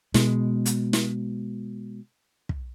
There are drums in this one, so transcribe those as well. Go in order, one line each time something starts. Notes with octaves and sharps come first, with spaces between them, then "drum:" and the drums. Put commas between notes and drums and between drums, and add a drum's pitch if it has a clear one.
B2 G#3, drum: snare
drum: hi-hat
drum: snare
drum: kick